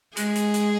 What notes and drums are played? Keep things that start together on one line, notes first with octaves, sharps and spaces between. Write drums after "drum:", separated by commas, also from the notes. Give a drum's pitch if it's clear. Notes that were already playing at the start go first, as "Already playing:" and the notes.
G#3 G#4, drum: hi-hat
drum: hi-hat
drum: hi-hat